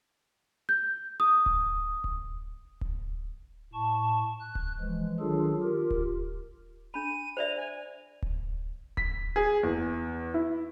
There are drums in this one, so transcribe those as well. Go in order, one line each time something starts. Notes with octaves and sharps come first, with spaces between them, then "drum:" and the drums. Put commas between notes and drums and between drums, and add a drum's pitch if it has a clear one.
G6
D#6
drum: kick D1
drum: kick D1
drum: kick D1
A2 A5 C#6
F#6
drum: kick D1
E3 F3 G#3
D#3 F#3 D4 F4 G#4 A4
F4 G4 A#4
drum: kick D1
D4 B5 D#7
C5 D5 E5 F7
G#5
drum: kick D1
B6, drum: kick D1
G#4
E2
E4